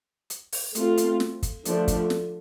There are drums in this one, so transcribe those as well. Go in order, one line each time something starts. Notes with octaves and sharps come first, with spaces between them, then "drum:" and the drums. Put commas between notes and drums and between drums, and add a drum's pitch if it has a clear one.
drum: hi-hat
drum: open hi-hat
A3 C4 F4, drum: hi-hat
drum: hi-hat
drum: snare
drum: kick, hi-hat
D3 F3 A3 D4, drum: hi-hat
drum: kick, hi-hat
drum: snare